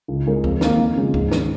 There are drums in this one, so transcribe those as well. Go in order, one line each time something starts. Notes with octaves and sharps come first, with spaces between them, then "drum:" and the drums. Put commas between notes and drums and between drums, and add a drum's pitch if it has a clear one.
C#2
C#3 G#3 C#4 A#4
F2, drum: kick D2
D#3 A#3, drum: snare
F2
C#3 G#3 C#4 F4
G#2, drum: kick D2
D#3 C#4, drum: snare